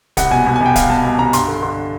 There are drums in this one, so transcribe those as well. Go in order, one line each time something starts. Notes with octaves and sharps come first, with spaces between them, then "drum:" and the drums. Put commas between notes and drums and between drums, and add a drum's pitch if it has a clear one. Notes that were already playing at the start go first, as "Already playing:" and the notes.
C2 F#5, drum: kick D1, hi-hat
B2 G#5
B2
G#5
C2 G5
C2 F5, drum: kick D1, hi-hat
B2 A5
B2 A5
C2 A#5
G2 C6, drum: hi-hat
D3
D3 C6